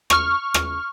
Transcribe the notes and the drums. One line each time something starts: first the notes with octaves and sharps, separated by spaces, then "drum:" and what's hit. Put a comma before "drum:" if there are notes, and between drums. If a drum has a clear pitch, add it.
C#6 F6, drum: rim click
drum: rim click